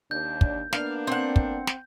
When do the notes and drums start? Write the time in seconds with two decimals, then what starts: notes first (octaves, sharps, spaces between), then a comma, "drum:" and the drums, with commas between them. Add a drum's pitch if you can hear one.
0.11 D#2 D4 G6
0.41 drum: kick
0.73 A#3 B3 D4 F5, drum: snare
1.07 C4 F#5
1.36 drum: kick
1.67 drum: snare